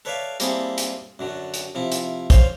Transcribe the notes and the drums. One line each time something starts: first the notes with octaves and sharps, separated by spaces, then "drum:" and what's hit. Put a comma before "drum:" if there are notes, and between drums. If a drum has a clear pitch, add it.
A4 B4 C#5 D5 E5 F5
G3 A#3 C4 E4 G#4 A4, drum: hi-hat
drum: hi-hat
F#2 D3 F#3
drum: hi-hat
C3 F3 E4
drum: hi-hat
C5 C#5 F5, drum: kick, hi-hat